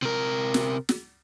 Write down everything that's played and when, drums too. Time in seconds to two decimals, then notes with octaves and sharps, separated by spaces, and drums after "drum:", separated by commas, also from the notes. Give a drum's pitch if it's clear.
0.02 C3 A#4
0.54 drum: snare
0.89 drum: snare